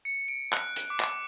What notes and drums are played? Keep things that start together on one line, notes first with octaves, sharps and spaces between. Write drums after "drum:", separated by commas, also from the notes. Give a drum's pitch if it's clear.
C#7
D7
F#6, drum: clap
drum: hi-hat
D6
drum: clap